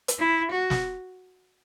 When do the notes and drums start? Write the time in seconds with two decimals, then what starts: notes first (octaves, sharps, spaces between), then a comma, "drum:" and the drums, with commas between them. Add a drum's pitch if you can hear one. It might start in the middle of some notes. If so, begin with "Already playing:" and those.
0.08 drum: hi-hat
0.20 E4
0.52 F#4
0.70 drum: snare